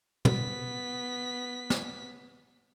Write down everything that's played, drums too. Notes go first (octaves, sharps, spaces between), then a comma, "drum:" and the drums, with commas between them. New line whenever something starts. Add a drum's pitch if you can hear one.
B3 B6, drum: tom
drum: snare